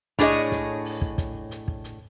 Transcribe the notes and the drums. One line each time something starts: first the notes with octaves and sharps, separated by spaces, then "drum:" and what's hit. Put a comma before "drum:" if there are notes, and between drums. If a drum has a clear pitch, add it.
A2 D4 G#4 B4 C#5 D#5, drum: snare
drum: snare
drum: open hi-hat
drum: kick
drum: kick, hi-hat
drum: hi-hat
drum: kick
drum: hi-hat